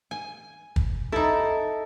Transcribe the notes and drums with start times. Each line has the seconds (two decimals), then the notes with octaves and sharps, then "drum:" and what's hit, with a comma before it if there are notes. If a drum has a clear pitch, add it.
0.11 G#5
0.76 drum: kick
1.12 D#4 E4 A4